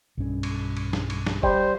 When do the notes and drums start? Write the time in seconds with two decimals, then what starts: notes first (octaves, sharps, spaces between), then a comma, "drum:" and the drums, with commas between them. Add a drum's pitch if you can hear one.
0.17 B1 G2 C#4
0.43 drum: cymbal
0.77 drum: cymbal
0.93 drum: snare
1.10 drum: cymbal
1.27 drum: snare
1.43 G3 C5, drum: kick F#1